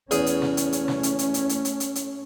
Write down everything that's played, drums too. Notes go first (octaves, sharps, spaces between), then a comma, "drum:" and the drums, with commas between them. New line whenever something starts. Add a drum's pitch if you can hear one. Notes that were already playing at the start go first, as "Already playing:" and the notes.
E2 A3 C#4 G#4, drum: hi-hat
drum: hi-hat
drum: snare
drum: hi-hat
drum: hi-hat
drum: snare
drum: hi-hat
drum: hi-hat
drum: hi-hat
drum: hi-hat
drum: hi-hat
drum: hi-hat
drum: hi-hat